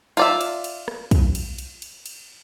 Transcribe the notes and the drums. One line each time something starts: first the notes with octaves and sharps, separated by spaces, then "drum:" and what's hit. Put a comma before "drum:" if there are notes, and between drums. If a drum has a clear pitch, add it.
F4 D5 E5, drum: cymbal
drum: cymbal
drum: cymbal
drum: rim click
drum: kick, cymbal
drum: cymbal
drum: cymbal
drum: cymbal
drum: cymbal